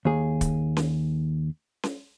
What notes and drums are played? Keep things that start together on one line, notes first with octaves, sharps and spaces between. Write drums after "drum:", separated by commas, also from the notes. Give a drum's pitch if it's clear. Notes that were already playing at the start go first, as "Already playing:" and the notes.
D#2 G#4
drum: kick, hi-hat
drum: snare C#4
drum: snare C#4